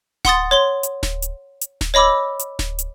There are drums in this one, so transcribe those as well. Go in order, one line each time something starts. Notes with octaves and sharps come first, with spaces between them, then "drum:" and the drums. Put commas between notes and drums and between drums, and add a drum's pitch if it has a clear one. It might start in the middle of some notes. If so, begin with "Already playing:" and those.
F#5 C6 D#6 A6, drum: snare D1
C#5 C6 G7
drum: hi-hat
drum: snare D1
drum: hi-hat
drum: hi-hat
drum: snare D1
C#5 D#5 B5 D6 E6
drum: hi-hat
drum: snare D1
drum: hi-hat